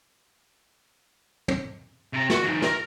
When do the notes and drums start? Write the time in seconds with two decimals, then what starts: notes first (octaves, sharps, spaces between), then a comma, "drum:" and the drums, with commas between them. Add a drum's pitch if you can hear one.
1.48 drum: tom
2.13 C3 A#5
2.30 F#4, drum: snare
2.44 E3 D#4
2.62 A#4, drum: snare